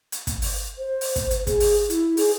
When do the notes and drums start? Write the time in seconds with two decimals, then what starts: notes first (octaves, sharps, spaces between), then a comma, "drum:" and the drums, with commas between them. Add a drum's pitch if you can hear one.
0.12 drum: hi-hat
0.27 drum: kick, hi-hat
0.42 drum: open hi-hat
0.78 C5
1.01 drum: open hi-hat
1.16 drum: kick, hi-hat
1.31 drum: hi-hat
1.47 G#4, drum: kick, hi-hat
1.60 drum: open hi-hat
1.90 E4, drum: hi-hat
2.17 G#4, drum: open hi-hat